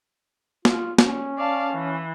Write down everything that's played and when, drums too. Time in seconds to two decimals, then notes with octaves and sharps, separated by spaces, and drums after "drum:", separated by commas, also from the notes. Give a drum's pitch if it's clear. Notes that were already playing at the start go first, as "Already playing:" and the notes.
0.65 F4, drum: snare
0.98 C#4, drum: snare
1.38 D5 F5 A5
1.74 E3